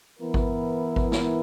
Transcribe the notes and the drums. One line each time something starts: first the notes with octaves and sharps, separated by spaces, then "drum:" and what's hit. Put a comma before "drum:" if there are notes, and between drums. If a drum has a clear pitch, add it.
E3 B3 E4 A#4
drum: kick G#1
drum: kick G#1
drum: snare